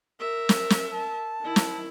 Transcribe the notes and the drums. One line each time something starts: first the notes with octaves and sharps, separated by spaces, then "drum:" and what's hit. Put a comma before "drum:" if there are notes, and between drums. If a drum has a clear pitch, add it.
A#4 E5
drum: snare
drum: snare
A5
D#3 E4
drum: snare